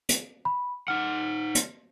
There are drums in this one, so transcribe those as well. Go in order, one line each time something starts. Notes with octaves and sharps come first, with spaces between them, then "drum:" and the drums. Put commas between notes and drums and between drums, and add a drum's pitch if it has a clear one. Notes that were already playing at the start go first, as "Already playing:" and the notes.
drum: hi-hat
B5
D#4 F#5 F6
drum: hi-hat